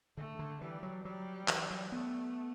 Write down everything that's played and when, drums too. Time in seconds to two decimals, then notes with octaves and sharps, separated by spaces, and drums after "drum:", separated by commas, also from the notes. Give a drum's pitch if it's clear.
0.17 D3 A3
0.39 D3
0.61 E3 G3
0.83 F#3
1.04 F#3 G3
1.48 E3, drum: clap
1.70 F#3
1.92 A3 B3